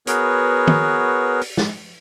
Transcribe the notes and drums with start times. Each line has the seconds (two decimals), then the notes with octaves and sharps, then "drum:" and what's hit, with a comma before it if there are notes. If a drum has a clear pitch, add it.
0.07 B3 F#4 G#4 A#4 B4 C#5, drum: hi-hat
0.67 drum: tom
1.41 drum: open hi-hat
1.57 drum: snare